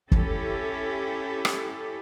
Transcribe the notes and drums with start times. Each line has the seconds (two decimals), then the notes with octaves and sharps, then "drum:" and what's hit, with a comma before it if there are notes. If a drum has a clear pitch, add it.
0.12 C#4 E4 G4 A4, drum: kick
1.45 drum: rim click